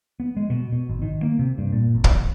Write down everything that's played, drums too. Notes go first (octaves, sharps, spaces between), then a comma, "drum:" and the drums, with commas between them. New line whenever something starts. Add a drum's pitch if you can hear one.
B3
G#3
B2
B2
G#1
D#3
A#3
C3
G2
A#2
G#1
drum: kick